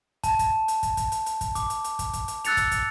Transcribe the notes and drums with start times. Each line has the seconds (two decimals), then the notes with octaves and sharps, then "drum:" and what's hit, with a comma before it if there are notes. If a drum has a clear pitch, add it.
0.24 A5, drum: kick, hi-hat
0.39 drum: kick, hi-hat
0.68 drum: hi-hat
0.83 drum: kick, hi-hat
0.97 drum: kick, hi-hat
1.12 drum: hi-hat
1.26 drum: hi-hat
1.41 drum: kick, hi-hat
1.55 D6, drum: kick, hi-hat
1.70 drum: hi-hat
1.84 drum: hi-hat
1.99 drum: kick, hi-hat
2.13 drum: kick, hi-hat
2.28 drum: hi-hat
2.45 E6 F#6 A6 C#7 F7, drum: hi-hat
2.57 drum: kick, hi-hat
2.72 drum: kick, hi-hat